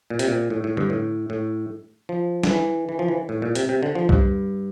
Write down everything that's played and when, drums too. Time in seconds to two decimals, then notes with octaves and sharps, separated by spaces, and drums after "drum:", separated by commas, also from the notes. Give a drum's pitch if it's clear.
0.10 A#2
0.19 C3, drum: hi-hat
0.28 A#2
0.50 A2
0.64 A2
0.77 G2, drum: tom D3
0.90 A2
1.30 A2
2.09 F3
2.43 D3, drum: snare
2.50 E3
2.89 E3
2.99 F3
3.08 E3
3.29 A2
3.42 A#2
3.55 C3, drum: hi-hat
3.69 C3
3.83 D3
3.95 F3
4.09 G2, drum: kick B1